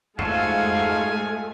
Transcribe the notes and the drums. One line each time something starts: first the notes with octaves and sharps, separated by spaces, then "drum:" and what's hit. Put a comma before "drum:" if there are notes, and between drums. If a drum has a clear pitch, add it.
G#2 G#3 A3 F4 F#4 A4 F5 G#5, drum: tom F2